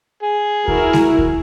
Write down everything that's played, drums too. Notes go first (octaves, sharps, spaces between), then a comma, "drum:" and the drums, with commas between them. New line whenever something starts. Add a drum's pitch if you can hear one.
G#4
E4 F#4 A#4, drum: kick D2
drum: snare G#3
drum: kick D2